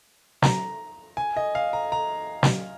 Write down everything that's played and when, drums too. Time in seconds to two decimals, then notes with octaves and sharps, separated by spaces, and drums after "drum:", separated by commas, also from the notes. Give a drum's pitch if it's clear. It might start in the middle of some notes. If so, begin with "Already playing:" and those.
0.42 A#5, drum: snare
1.17 G#5
1.37 D#5
1.55 F5
1.73 A#5
1.92 A#5
2.43 drum: snare